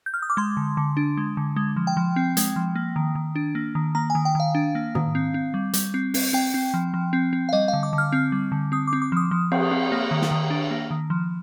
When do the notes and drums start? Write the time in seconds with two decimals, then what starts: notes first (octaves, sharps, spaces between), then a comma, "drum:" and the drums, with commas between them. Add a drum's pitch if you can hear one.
0.06 G6
0.14 F6
0.22 D#6
0.30 D6
0.37 G#3 C6
0.57 D3
0.77 D3
0.97 D4
1.17 G#3
1.37 D3
1.56 G#3
1.76 F3
1.87 G5
1.97 F3
2.16 C4
2.37 G#3, drum: hi-hat
2.56 F3
2.75 A#3
2.96 D#3
3.15 D#3
3.36 D4
3.55 A#3
3.75 D#3
3.95 A#3 A#5
4.10 G#5
4.15 D#3
4.25 G5
4.35 D#3 F5
4.55 D4
4.75 A#3
4.95 D#3, drum: tom
5.15 C4
5.34 C4
5.54 G3
5.74 G3, drum: hi-hat
5.94 C4
6.14 C4, drum: open hi-hat
6.33 C4 G5
6.54 C4
6.74 F3
6.94 F3
7.13 C4
7.33 C4
7.49 F5
7.53 G3 D#5
7.68 F5
7.73 D3
7.83 D6
7.93 D3
7.98 F6
8.12 C4
8.32 G3
8.52 D3
8.72 C4 D#6
8.87 D6
8.93 C4
9.02 D6
9.12 F3 D#6
9.31 F3
9.52 C4, drum: cymbal
9.71 C4
9.92 A#3
10.11 D#3
10.21 drum: snare
10.31 D#3
10.50 D4
10.71 A#3
10.91 D#3
11.10 F3